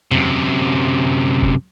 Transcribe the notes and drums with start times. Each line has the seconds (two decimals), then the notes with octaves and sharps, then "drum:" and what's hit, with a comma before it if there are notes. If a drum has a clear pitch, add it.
0.11 F#2 C3, drum: tom E2
1.42 drum: kick